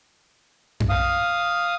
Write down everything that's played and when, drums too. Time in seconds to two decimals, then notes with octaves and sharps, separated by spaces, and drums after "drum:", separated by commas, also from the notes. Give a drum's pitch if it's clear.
0.80 drum: tom F#2
0.89 F5 D#6